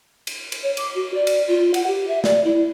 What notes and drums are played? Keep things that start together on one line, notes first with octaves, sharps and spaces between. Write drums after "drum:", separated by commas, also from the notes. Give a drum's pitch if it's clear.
drum: cymbal
drum: cymbal
C#5
D6, drum: cymbal
F#4
D5
drum: cymbal
F4
F#5, drum: cymbal
G4
E5
D5, drum: snare
E4